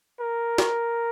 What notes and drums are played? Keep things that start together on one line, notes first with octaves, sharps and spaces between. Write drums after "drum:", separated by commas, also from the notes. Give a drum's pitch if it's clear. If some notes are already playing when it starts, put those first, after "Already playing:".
A#4
drum: snare